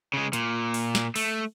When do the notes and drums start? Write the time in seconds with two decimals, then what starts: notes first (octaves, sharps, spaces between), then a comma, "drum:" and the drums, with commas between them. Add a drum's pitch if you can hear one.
0.14 C#3 G#3
0.33 A#2, drum: hi-hat
0.74 drum: open hi-hat
0.95 drum: snare
1.16 A3, drum: open hi-hat